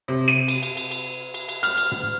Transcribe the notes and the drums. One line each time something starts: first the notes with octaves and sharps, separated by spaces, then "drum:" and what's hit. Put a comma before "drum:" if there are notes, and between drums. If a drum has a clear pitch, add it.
C3
D#7
drum: cymbal
drum: cymbal
drum: cymbal
drum: cymbal
drum: cymbal
drum: cymbal
F6, drum: cymbal
drum: cymbal
drum: tom